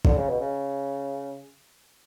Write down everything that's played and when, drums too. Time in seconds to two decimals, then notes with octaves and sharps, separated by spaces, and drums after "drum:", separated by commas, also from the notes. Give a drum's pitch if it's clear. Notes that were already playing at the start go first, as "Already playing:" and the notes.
0.05 D3, drum: kick
0.17 C#3
0.29 B2
0.40 C#3